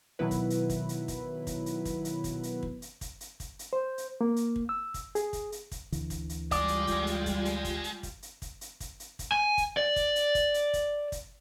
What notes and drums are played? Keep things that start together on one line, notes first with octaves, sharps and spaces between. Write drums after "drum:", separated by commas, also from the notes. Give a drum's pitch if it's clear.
B2 D#3 F#3 B3 E4 B4
drum: kick, hi-hat
drum: hi-hat
drum: kick, hi-hat
drum: hi-hat
drum: kick, hi-hat
drum: kick, hi-hat
drum: hi-hat
drum: kick, hi-hat
drum: hi-hat
drum: kick, hi-hat
drum: hi-hat
drum: kick
drum: hi-hat
drum: kick, hi-hat
drum: hi-hat
drum: kick, hi-hat
drum: hi-hat
C5
drum: hi-hat
A#3
drum: hi-hat
drum: kick
E6
drum: kick, hi-hat
G#4, drum: hi-hat
drum: kick, hi-hat
drum: hi-hat
drum: kick, hi-hat
D2 D3 E3, drum: hi-hat
drum: kick, hi-hat
drum: hi-hat
G3 G#3 F4 G4 D5, drum: kick, hi-hat
drum: hi-hat
drum: kick, hi-hat
drum: hi-hat
drum: kick, hi-hat
drum: hi-hat
drum: kick, hi-hat
drum: hi-hat
drum: kick, hi-hat
drum: hi-hat
drum: kick, hi-hat
drum: hi-hat
drum: kick, hi-hat
drum: hi-hat
drum: kick, hi-hat
G#5
drum: kick, hi-hat
D5
drum: kick, hi-hat
drum: hi-hat
drum: kick, hi-hat
drum: hi-hat
drum: kick, hi-hat
drum: kick, hi-hat